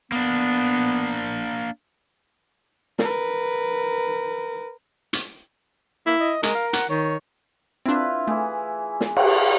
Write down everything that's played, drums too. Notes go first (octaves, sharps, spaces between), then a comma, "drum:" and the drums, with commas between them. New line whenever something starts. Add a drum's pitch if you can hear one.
A#3 B3 D4
A#4 B4, drum: snare
drum: hi-hat
A#3 E4
D#5
G#3 A#4, drum: hi-hat
F5
F#5, drum: hi-hat
D#3 C#5
C4 D4 E4 F4 B4
E3 A3 G#4
drum: snare
drum: cymbal